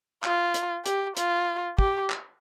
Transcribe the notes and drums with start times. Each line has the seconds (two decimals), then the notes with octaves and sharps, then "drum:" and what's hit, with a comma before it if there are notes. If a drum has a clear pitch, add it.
0.24 F4, drum: clap
0.54 drum: hi-hat
0.86 G4, drum: hi-hat
1.17 F4, drum: hi-hat
1.79 G4, drum: kick
2.10 drum: clap